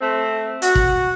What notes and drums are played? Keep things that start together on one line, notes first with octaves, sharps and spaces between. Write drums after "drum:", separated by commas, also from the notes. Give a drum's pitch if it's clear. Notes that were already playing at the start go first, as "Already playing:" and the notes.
A3 C4
F#4, drum: hi-hat
drum: kick